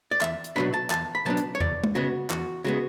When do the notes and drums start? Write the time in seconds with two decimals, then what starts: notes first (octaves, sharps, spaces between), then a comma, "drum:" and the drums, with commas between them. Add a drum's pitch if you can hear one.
0.11 D5
0.21 E2 E5, drum: clap
0.44 drum: hi-hat
0.56 B2 F#3 B3 D4 B5
0.74 A5
0.90 E2 A5, drum: clap
1.15 B5
1.25 B2 F#3 B3 D4 A5
1.37 drum: hi-hat
1.55 C#5
1.60 E2 D5, drum: tom E2
1.84 drum: tom
1.95 C#3 G#3 B3 F#4
2.30 E2 F#4, drum: clap
2.64 C#3 G#3 B3 F#4